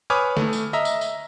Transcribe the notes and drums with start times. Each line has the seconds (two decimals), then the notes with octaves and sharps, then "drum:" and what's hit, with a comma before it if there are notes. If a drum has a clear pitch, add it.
0.10 B4 C#5 G#5 D6 D#6 F6
0.37 A3, drum: snare
0.53 drum: tambourine
0.73 D#5 E5 A#5
0.85 drum: tambourine
1.01 drum: tambourine